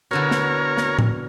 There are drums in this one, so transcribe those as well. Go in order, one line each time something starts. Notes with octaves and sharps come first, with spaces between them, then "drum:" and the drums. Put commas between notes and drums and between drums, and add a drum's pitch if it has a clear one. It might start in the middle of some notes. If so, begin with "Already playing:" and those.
B2 D3 E4 A#4 C#5
drum: snare
drum: snare
drum: tom A2